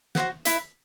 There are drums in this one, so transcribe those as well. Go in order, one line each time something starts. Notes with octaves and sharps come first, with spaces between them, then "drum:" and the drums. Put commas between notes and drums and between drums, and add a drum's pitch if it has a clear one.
F#4 C5 F#5, drum: snare
E4 B4 E5, drum: hi-hat